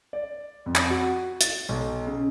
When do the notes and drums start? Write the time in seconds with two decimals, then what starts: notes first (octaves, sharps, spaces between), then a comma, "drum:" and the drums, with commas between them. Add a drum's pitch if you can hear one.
0.13 D5
0.66 F2
0.76 drum: clap
0.90 F#4
1.41 A6, drum: hi-hat
1.69 B1
2.07 C#3